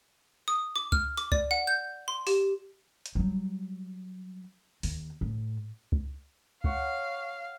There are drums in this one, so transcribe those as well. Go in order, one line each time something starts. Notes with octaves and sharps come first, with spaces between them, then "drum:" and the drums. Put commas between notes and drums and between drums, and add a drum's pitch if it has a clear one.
D#6
D6
F6, drum: kick C#2
D6, drum: hi-hat
D5, drum: kick C#2
F#5
G6
C6
G4, drum: open hi-hat
drum: hi-hat
F#3 G3
D#2, drum: open hi-hat
A2
drum: kick C#2
C#5 F5 F#5, drum: kick C#2